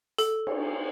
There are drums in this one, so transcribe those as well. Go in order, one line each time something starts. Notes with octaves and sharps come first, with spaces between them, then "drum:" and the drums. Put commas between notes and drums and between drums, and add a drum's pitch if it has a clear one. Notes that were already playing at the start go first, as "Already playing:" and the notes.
A4, drum: hi-hat
drum: cymbal